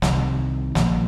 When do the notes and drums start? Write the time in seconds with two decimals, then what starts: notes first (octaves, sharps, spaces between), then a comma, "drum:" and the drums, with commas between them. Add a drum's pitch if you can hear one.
0.02 C2 C3 D#3 G3, drum: snare
0.75 A#1 A#2 F3 A#3, drum: snare